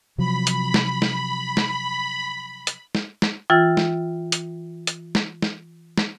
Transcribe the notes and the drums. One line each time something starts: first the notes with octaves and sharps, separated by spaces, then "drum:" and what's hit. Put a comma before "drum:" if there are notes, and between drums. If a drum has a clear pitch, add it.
C3 F3 F#3 B5
drum: hi-hat
drum: snare
drum: snare
drum: snare
drum: hi-hat
drum: snare
drum: snare
E3 F4 G5 E6 A6
drum: snare
drum: hi-hat
drum: hi-hat
drum: snare
drum: snare
drum: snare